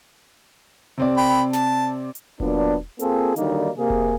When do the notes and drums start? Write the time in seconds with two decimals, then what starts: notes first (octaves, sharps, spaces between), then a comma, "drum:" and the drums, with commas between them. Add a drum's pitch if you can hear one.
0.98 C3 C4 D5
1.17 G5 B5
1.53 A5, drum: snare
2.15 drum: hi-hat
2.40 A#2 F#3 B3 D4, drum: kick E1
2.99 A#3 C4 F4 G#4 A4, drum: hi-hat
3.36 D3 D#3 F#3 G3 A#3 D#4, drum: hi-hat
3.77 C3 A#3 G#4
3.90 drum: kick E1